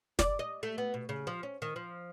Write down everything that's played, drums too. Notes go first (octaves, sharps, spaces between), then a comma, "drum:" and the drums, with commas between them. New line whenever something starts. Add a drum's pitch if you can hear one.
D5, drum: snare
D#5
A3
B3
B2
C#3
F3
C#4
D#3
F3